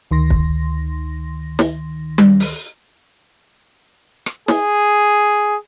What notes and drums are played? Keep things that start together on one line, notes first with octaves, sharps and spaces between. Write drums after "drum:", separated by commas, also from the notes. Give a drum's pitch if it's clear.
D2 D#3 C6 A#6
drum: kick
drum: snare
drum: tom G3
drum: open hi-hat
drum: rim click
G#4, drum: snare